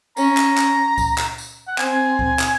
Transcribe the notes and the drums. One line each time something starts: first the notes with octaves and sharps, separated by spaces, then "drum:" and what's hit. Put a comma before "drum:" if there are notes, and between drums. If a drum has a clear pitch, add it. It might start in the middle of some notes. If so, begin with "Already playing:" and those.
C#4 A#5, drum: tambourine
drum: clap
drum: clap
drum: kick C#2, tambourine
drum: clap
drum: tambourine
F#5
C4 G#5, drum: clap
drum: kick C#2
drum: clap